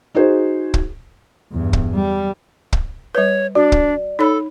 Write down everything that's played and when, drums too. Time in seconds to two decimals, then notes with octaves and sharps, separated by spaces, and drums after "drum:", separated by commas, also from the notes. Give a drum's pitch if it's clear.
0.15 D#4 F#4 G#4 C5
0.74 drum: kick
1.52 E2 G2
1.73 drum: kick
1.93 G3
2.73 drum: kick
3.15 G3 B4 C#5
3.55 D4 F#4 D5
3.72 drum: kick
4.19 D#4 A4 C#5 B5